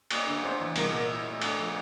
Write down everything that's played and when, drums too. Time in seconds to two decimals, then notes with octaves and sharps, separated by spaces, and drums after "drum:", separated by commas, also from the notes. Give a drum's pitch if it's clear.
0.11 A#3, drum: cymbal
0.26 D3
0.43 D4 C5
0.60 E3
0.76 C2 A#4, drum: cymbal
0.92 A#2
1.09 E4
1.25 A3
1.42 D4 A4, drum: cymbal
1.58 F3